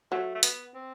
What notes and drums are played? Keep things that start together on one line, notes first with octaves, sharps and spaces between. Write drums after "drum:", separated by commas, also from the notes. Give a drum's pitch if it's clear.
F#3 A3
A3
B3, drum: hi-hat
C4